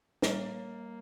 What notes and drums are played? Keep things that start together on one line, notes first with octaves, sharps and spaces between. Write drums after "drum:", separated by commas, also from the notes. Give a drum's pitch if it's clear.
G3 A#3 C#5, drum: snare